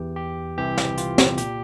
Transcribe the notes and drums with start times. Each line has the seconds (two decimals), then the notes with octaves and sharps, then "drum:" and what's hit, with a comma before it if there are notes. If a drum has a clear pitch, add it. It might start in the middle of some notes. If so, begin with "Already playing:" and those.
Already playing: E2 E3 G4
0.16 G4
0.58 C2 C3 E3 G4
0.78 drum: snare
0.97 F4, drum: hi-hat
1.18 drum: snare
1.38 A#2 G4, drum: hi-hat